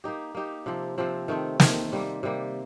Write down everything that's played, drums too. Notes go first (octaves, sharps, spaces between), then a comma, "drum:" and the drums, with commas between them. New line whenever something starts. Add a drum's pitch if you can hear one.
A#3 D#4 G4
A#3 D#4 G4
C3 F3 C4
C3 F3 C4
D#3 A3 C4
D#3 A3 C4, drum: snare
C3 G3 A#3
C3 G3 A#3